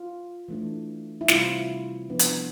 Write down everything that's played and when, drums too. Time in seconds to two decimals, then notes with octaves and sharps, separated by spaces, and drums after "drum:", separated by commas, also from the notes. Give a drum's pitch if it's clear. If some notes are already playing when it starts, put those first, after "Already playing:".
Already playing: F4
0.48 E3 A3 D4
1.21 E4
1.28 C3 G3 C4 F4, drum: snare
2.10 F3 B3 D4
2.19 drum: hi-hat